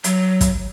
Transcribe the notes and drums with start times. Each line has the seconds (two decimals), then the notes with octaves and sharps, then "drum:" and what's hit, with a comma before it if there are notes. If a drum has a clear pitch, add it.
0.04 F#3, drum: hi-hat
0.41 drum: kick, hi-hat